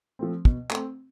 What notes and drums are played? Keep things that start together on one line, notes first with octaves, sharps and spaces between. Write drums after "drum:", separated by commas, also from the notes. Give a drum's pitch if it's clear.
F3 A3 C4
B2, drum: kick
A3 C4, drum: clap